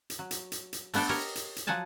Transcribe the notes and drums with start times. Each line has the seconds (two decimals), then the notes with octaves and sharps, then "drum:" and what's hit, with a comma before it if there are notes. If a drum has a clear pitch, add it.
0.10 drum: hi-hat
0.19 F#3
0.31 drum: hi-hat
0.52 drum: hi-hat
0.73 drum: hi-hat
0.94 A3 B3 D4 A4 G5, drum: open hi-hat
1.09 G4 A#4 C#5 D#5
1.35 drum: hi-hat
1.56 drum: hi-hat
1.67 F3 F#3 F#5 G#5 A5